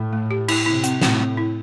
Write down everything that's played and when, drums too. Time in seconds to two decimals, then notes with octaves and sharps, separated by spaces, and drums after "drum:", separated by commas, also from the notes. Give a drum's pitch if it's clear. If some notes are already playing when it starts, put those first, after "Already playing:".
Already playing: A2
0.13 A3
0.31 G4
0.48 E4, drum: cymbal
0.66 C3 E4
0.84 C4, drum: hi-hat
1.02 A2 C4, drum: snare
1.20 C4
1.37 E4